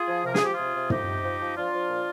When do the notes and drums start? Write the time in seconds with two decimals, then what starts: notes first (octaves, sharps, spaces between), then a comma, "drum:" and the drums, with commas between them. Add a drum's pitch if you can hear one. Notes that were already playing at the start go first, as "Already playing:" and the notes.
Already playing: F4 G#4
0.08 F3
0.25 C3 A#4
0.35 G#4, drum: snare
0.42 F3 G4
0.54 C3 F4 G#4
0.75 C3
0.90 F3 D#4 G4, drum: tom
1.07 C3
1.23 F3
1.40 F3
1.56 F3 D4 F4
1.72 F3
1.88 A#2